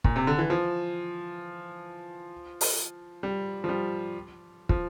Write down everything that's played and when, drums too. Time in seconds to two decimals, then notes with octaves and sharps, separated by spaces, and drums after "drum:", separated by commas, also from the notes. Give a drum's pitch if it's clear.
0.04 A#2, drum: kick
0.16 C3
0.27 D3
0.39 E3
0.50 F3
2.61 drum: open hi-hat
3.23 G3
3.64 F3
3.69 G3
4.69 F3, drum: kick